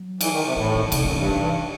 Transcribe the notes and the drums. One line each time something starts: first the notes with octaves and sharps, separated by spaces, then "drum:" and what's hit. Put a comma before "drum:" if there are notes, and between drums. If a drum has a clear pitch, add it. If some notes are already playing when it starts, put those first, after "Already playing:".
Already playing: F#3
E3, drum: cymbal
D#3
C3
A2 E3
D#3
C3, drum: cymbal
F#2 D#3
G2 E3
E3